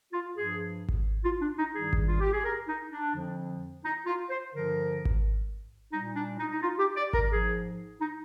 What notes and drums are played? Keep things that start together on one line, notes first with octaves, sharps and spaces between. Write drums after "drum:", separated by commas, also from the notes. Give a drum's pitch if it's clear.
F4
G2 F3 G#4
drum: kick G#1
F4
D4
D#4
G2 D#3 G3 G#4
drum: kick G#1
F4
G4
G#4
A#4
D#4
D4
F2 D3 F3
D#4
F4
C5
G2 D3 F3 A#4
drum: kick G#1
A#2 G3 D#4
D4
D#4
D#4
F4
G4
D5
A#4, drum: kick G#1
G#2 F3 G#4
D#4